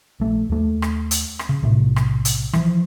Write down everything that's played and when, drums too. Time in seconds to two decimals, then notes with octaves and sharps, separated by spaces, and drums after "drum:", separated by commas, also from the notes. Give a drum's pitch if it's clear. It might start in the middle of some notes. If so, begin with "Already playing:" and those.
0.20 A#1 A3
0.49 D#2 A3
0.82 drum: rim click
1.11 drum: hi-hat
1.39 drum: rim click
1.49 C#3
1.63 B1 A2 C3
1.96 drum: rim click
2.25 drum: hi-hat
2.53 E3 F3, drum: rim click